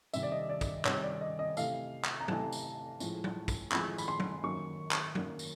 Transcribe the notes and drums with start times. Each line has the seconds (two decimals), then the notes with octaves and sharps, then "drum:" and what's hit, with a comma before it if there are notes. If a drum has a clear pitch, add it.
0.13 C3 D#3 G3 E5, drum: tambourine
0.23 D5
0.32 D#5
0.49 D5
0.61 drum: kick, tambourine
0.85 C3 D#3 G3 C#5, drum: clap
1.03 D5
1.21 D#5
1.39 D#5
1.57 C3 E3 A3 F5, drum: tambourine
2.05 drum: clap
2.21 A#5
2.28 C3 E3 A3 A5, drum: tom
2.52 drum: tambourine
3.00 A2 F3 G#3, drum: tambourine
3.24 drum: tom
3.48 drum: kick, tambourine
3.72 A2 F3 G#3 B5, drum: clap
3.98 B5, drum: tambourine
4.08 C6
4.20 drum: tom
4.43 F#2 D#3 F#3 A#3 C#6
4.91 drum: clap
5.15 F#2 D#3 F#3 A#3, drum: tom
5.39 drum: tambourine